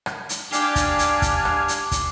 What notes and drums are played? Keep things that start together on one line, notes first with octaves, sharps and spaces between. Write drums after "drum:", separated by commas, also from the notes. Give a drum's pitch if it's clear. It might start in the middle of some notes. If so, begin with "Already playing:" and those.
drum: rim click
drum: hi-hat
D4 G4 F5 G#5 D6 C7, drum: hi-hat
drum: kick, hi-hat
drum: hi-hat
drum: kick, hi-hat
drum: rim click
drum: hi-hat
drum: kick, hi-hat